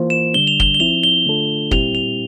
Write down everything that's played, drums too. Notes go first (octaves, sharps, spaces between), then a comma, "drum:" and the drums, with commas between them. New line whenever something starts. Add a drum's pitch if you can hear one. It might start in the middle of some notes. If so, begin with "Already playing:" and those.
Already playing: E3 A#3 F4 C5
E7
D3 G3 D4 G7
F7
G7, drum: kick
G7
F3 C4 E4 F7
G7
D3 A3 D4 F4 A4
A#2 G3 C4 E4 G4 F7, drum: kick
F7